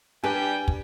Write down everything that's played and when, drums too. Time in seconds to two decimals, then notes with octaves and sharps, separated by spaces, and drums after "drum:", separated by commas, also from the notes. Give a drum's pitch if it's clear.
0.24 G3 D4 G4 B4 G5 G#5
0.68 drum: kick